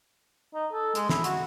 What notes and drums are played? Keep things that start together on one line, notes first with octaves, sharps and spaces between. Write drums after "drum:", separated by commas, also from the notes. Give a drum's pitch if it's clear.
D#4
A4
G#3, drum: hi-hat
E4, drum: snare
F#4, drum: hi-hat